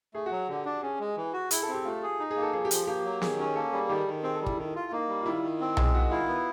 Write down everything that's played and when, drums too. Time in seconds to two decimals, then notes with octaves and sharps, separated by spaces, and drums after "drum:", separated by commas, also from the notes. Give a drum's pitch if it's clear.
0.14 A3 G#4
0.26 F#4
0.31 F#3
0.49 D3 G4
0.65 D4
0.82 C#4 G#4
1.00 G#3
1.17 E3
1.33 F#4
1.51 E4 G#4, drum: hi-hat
1.63 A4
1.68 C4
1.74 G4
1.85 A3 F4
2.03 G#4
2.19 D#4
2.31 G#4
2.36 A#3
2.42 A4
2.53 F3 G#4
2.65 G4
2.71 F3, drum: hi-hat
2.87 A#3 G4
3.04 F#3
3.22 D#3 G#4, drum: snare
3.39 C#4
3.56 A#3 A4
3.72 G3 G#4
3.89 D#3 G4
4.07 D#3
4.23 C4 G#4
4.35 A4
4.41 G3
4.46 E4, drum: kick
4.57 D#3 E4
4.75 F4
4.92 A#3 D#4
5.08 G3
5.22 F4
5.26 D#3 E4
5.43 D#3
5.61 C4
5.77 G#3, drum: tom B1
5.94 D#3 F#4
6.11 E4 F4
6.28 B3